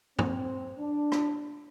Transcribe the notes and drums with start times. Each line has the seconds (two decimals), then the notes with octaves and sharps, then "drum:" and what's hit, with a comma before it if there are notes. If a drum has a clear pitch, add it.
0.19 C4, drum: tom
0.78 D4
1.12 drum: rim click